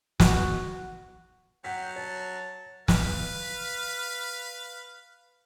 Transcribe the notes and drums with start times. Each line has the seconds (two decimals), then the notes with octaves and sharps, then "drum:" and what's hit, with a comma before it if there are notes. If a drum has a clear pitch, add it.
0.20 F#4, drum: snare
1.64 F#3 F#5 G5 B6
1.96 C#5 A5
2.88 B4 F5, drum: snare